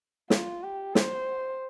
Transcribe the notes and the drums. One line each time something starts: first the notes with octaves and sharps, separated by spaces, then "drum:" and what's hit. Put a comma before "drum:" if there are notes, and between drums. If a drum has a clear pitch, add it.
F4, drum: snare
G4
C5, drum: snare